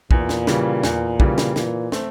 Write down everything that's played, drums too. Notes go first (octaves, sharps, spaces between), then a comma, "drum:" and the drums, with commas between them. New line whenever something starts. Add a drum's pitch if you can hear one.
E2 A#2, drum: kick
drum: snare
C#3 E3 G3, drum: snare
E2, drum: snare
C#3 E3 G3, drum: kick
drum: snare
A#2 E3, drum: snare
A3 C4, drum: snare